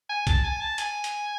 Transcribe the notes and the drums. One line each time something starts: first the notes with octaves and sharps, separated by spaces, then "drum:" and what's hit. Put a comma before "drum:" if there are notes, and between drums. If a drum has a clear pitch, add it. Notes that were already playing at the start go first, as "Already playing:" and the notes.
G#5
A5, drum: kick B1, hi-hat
G#5
A5
G#5, drum: hi-hat
drum: hi-hat